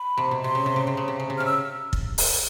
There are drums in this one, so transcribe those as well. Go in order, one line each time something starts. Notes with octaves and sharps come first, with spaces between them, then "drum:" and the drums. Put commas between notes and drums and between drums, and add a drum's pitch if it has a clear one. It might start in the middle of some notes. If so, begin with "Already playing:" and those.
Already playing: B5
C3
B2
C3 C6
C#3
C3
C#3
C3
C#3
C3
C#3
C3
F6
C#3
E6
drum: kick
drum: open hi-hat